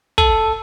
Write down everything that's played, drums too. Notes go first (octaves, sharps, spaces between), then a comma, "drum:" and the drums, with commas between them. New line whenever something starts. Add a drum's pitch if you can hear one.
A4, drum: kick